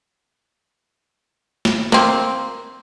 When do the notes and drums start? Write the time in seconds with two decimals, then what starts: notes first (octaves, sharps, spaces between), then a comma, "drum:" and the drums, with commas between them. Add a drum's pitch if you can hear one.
1.65 drum: snare
1.92 A#3 C4, drum: snare